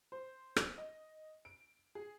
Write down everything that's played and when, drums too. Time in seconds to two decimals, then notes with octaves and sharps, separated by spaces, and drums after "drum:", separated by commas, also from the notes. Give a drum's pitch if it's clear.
0.12 C5
0.56 drum: rim click
0.78 D#5
1.45 D7
1.95 G#4